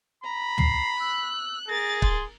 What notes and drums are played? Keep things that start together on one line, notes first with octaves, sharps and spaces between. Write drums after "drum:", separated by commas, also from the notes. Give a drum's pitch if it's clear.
A#5 B5
C7, drum: tom
E6 F#6
G#4 A#4 A6 A#6
C6, drum: kick